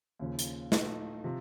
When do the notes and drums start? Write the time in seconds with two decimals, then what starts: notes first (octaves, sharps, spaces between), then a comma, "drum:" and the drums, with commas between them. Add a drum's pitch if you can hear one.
0.19 D#2 C#3 F3
0.39 drum: hi-hat
0.72 A#2 A3 D#4, drum: snare
1.24 C3 F3